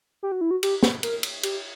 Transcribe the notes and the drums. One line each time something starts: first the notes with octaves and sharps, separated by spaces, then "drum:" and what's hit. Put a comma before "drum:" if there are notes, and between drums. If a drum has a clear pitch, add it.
G4
F#4
E4
F#4
G4, drum: cymbal
drum: snare
A#4, drum: cymbal
drum: cymbal
G4, drum: cymbal